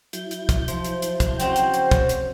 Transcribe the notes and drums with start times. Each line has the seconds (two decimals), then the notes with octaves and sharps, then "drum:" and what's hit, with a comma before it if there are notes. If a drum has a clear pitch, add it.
0.13 F#3 E4 G6, drum: hi-hat
0.31 drum: hi-hat
0.49 drum: kick, hi-hat
0.68 F3, drum: hi-hat
0.84 drum: hi-hat
1.02 drum: hi-hat
1.20 drum: kick, hi-hat
1.40 C#3 C4 F#4 C5 G5, drum: hi-hat
1.56 drum: hi-hat
1.74 drum: hi-hat
1.91 drum: kick, hi-hat
2.09 drum: hi-hat